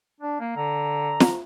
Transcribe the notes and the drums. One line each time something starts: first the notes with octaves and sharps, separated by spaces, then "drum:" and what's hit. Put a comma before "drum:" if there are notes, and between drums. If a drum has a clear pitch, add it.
D4
A#3
D3 A#5
drum: snare